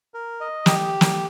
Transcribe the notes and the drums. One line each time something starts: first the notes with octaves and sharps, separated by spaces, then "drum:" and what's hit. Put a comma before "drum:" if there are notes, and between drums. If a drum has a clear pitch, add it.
A#4
D#5
G4, drum: snare
drum: snare